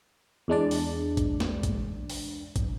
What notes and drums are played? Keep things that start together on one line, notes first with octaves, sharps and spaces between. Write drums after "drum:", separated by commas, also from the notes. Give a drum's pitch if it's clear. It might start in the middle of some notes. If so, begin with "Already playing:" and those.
E2 G#3 D4 D5
drum: open hi-hat
drum: kick, hi-hat
drum: snare
drum: kick, hi-hat
drum: open hi-hat
drum: kick, hi-hat